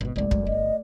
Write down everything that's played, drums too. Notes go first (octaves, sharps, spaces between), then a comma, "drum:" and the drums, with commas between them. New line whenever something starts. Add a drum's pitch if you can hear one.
G#1 B2
F#1 C2 G#3 A3 D5
F#2, drum: kick
G1 D#5